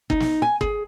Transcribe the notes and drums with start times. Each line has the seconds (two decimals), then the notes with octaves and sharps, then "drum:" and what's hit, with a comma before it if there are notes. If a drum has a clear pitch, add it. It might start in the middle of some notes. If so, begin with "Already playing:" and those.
0.10 D#4, drum: kick G1
0.20 drum: snare
0.42 G#5
0.61 G#4, drum: kick G1